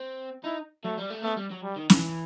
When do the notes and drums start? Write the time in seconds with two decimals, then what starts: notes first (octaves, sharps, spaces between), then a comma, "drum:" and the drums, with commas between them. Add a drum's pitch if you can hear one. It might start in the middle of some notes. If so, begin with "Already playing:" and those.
Already playing: C4
0.44 D#4 E4
0.84 F#3 A3
0.97 G3
1.10 A3
1.23 A3 B3
1.36 G3
1.50 F#3
1.63 G3
1.76 D#3
1.90 E3, drum: snare